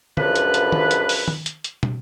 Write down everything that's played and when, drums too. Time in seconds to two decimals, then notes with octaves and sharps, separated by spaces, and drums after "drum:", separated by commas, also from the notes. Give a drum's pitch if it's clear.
0.17 C#2 F#2 D3 F3 B4, drum: tom D3
0.36 drum: hi-hat
0.54 drum: hi-hat
0.72 drum: tom
0.91 drum: hi-hat
1.09 drum: open hi-hat
1.28 drum: tom
1.46 drum: hi-hat
1.64 drum: hi-hat
1.83 drum: tom